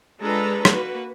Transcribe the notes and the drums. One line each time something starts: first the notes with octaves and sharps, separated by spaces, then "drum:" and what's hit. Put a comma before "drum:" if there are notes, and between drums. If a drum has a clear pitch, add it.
G#3 D4 F4 A4 B4 A#5
A#3 F#4 B4, drum: rim click